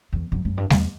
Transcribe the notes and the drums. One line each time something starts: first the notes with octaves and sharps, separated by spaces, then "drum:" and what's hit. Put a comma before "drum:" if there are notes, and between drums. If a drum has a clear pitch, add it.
E2
F#2
F#2
G2
E2, drum: snare